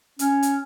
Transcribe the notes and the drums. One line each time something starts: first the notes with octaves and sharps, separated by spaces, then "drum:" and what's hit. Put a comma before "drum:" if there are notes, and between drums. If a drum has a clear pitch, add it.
C#4, drum: hi-hat
drum: hi-hat